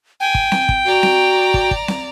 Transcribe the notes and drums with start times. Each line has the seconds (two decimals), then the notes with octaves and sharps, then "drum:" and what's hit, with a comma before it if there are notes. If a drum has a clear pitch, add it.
0.20 G5 G#5
0.35 drum: kick
0.52 drum: snare C4
0.69 drum: kick
0.86 F#4 D5 A#5
1.03 drum: snare C4
1.54 drum: kick
1.71 drum: kick
1.88 drum: snare C4